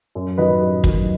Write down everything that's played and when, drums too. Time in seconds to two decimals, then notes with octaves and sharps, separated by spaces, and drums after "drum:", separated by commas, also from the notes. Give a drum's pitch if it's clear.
0.15 F#2
0.38 D#3 F#3 B4 D#5
0.61 F#2
0.84 D#3 F#3, drum: kick